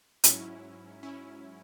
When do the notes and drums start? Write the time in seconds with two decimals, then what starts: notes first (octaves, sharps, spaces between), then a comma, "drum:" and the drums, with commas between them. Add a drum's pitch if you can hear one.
0.24 G#2 F#3 C#4 E4, drum: hi-hat
1.03 C#4 E4